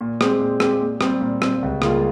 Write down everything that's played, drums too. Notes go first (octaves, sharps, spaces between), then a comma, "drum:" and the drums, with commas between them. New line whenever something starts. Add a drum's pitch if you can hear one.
A#2
G#3 C4 G4, drum: rim click
A#2
G#3 C4 G4, drum: rim click
A#2
G3 C4, drum: rim click
A#2
G3 C4, drum: rim click
C#2
C#3 G3 A#3 F4, drum: rim click